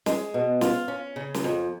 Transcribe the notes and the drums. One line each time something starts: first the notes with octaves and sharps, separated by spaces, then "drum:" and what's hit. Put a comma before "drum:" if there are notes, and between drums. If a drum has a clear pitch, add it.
G#3, drum: snare
B2
F4, drum: snare
C#4
C#3
drum: snare
F2